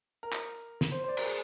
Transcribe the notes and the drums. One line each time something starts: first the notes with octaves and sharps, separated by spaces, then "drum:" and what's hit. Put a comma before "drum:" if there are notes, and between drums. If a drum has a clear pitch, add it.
A#4
drum: clap
drum: snare
C5
C5
D5
A#4, drum: cymbal
G#4